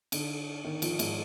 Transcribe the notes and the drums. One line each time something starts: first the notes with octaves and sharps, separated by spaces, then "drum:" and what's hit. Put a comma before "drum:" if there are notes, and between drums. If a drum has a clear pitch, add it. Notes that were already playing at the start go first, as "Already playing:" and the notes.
D3, drum: cymbal
D#3
F3, drum: cymbal
G#2, drum: cymbal